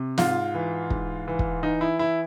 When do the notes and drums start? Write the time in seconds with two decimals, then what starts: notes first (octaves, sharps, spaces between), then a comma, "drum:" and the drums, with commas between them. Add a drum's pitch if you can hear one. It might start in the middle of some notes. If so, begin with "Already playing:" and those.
Already playing: C3
0.18 G#2 F4, drum: snare
0.54 E3
0.90 G#2, drum: kick
1.28 E3
1.39 drum: kick
1.63 E3 D#4
1.81 E4
1.99 E3 E4